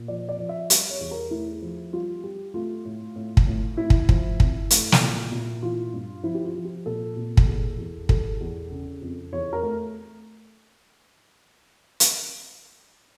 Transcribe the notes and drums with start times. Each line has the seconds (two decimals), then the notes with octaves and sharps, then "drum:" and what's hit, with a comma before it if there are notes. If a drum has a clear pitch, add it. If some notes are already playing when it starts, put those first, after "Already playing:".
Already playing: A#2
0.08 F3 D5
0.29 D5
0.39 F3
0.49 E5
0.70 G3, drum: hi-hat
0.91 C#5
1.00 E2
1.11 A#4
1.31 A3 E4
1.62 F3
1.93 G3 F4
2.23 G3 G4
2.54 A3 F4
2.85 A2
3.16 A2
3.37 drum: kick
3.47 A2
3.77 A2 E4
3.90 drum: kick
4.09 F3, drum: kick
4.40 F2, drum: kick
4.70 A3, drum: hi-hat
4.92 drum: snare
5.01 A#2
5.32 A#2
5.62 E3 F4
5.93 G2
6.24 F3 E4
6.35 G4
6.44 F4
6.54 F3
6.65 G4
6.86 A#2 A4
7.16 A#2
7.37 drum: kick
7.47 E2
7.78 E2
8.09 G3 A4, drum: kick
8.40 E2
8.71 C#3
9.02 F2
9.32 E2 C#5
9.53 A#4
9.63 A3
12.00 drum: hi-hat